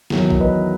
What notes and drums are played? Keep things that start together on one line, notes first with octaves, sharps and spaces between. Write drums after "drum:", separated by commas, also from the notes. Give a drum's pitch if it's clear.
E2 D#3 F#3, drum: snare
drum: kick A1
B4 D#5